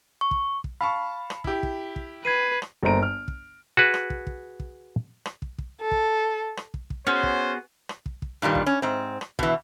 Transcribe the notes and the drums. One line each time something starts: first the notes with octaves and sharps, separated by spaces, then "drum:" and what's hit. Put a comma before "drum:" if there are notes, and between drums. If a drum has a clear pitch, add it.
C#6
drum: kick
drum: kick
F5 A5 B5 C#6
drum: rim click
E4 G4, drum: kick
drum: kick
drum: kick
B4 G#6 C7 D#7
drum: rim click
G1 A#3 C5 A#5 D7
F6
drum: kick
F#4 G#4 B4
drum: rim click
drum: kick
drum: kick
drum: kick
drum: rim click
drum: kick
drum: kick
A4
drum: kick
drum: rim click
drum: kick
drum: kick
B3 C#4 F#4 G#4 C5
drum: kick
drum: rim click
drum: kick
drum: kick
G2 A#2 D#3 G3
drum: kick
C#4
G#2 C4
drum: rim click
B2 E3, drum: kick